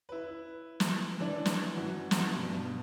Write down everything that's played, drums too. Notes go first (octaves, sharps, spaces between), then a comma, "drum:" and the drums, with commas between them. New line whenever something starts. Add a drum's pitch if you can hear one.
E4 B4
drum: snare
E3 D4 D5
drum: snare
F#2 E3 F#4
drum: snare
G2 B2